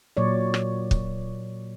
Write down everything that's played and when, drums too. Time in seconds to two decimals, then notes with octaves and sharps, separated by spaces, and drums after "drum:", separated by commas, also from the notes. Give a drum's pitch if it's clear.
0.17 A#2 F#3 C#5 D5
0.54 drum: rim click
0.91 drum: kick